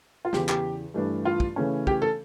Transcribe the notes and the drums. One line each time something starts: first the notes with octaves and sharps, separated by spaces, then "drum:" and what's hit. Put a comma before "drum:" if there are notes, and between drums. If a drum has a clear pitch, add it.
F4
E2 C#3 E3 G4, drum: snare
G4, drum: clap
G2 E3 A3 D4
F4
drum: kick
C#3 E3 A3 C#4
G4, drum: kick
A4